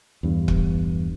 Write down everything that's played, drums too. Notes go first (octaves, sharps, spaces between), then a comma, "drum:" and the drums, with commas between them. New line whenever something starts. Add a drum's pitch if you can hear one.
E2 G2
drum: kick